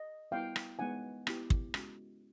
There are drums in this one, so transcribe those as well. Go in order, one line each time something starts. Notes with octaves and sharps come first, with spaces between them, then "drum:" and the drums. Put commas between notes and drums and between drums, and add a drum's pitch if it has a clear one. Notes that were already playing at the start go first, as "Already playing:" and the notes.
Already playing: D#5
G3 B3 E4 F5 G5
drum: rim click
G#3 B3 D#4 F#5 G#5
B3 E4 G4, drum: rim click
drum: kick
G#3 C#4 F#4, drum: rim click